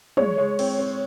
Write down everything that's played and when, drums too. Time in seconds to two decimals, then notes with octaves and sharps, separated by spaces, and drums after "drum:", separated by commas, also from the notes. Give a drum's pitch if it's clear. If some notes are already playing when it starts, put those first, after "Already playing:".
0.17 G#3 C#5, drum: tom
0.38 G#3
0.59 C4, drum: cymbal
0.79 C4